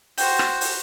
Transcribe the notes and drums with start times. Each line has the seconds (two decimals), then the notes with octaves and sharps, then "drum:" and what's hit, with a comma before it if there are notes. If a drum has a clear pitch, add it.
0.18 F#4 C5 G5, drum: open hi-hat
0.39 drum: rim click
0.61 drum: open hi-hat